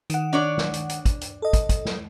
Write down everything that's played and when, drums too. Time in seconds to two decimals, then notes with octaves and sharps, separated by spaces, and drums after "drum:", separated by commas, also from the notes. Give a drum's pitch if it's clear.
0.10 D#3 F#5, drum: hi-hat
0.33 D4 C#5 D5
0.58 drum: snare
0.74 drum: hi-hat
0.90 drum: hi-hat
1.05 drum: kick, hi-hat
1.21 drum: hi-hat
1.42 A4 D#5
1.53 drum: kick, hi-hat
1.69 drum: kick, hi-hat
1.85 drum: snare